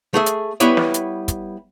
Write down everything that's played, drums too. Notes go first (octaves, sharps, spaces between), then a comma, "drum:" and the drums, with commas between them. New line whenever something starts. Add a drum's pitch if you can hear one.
A3 G#4 E5
drum: hi-hat
G3 B3 E4 B4 C#5 D5, drum: hi-hat
drum: snare
drum: hi-hat
drum: kick, hi-hat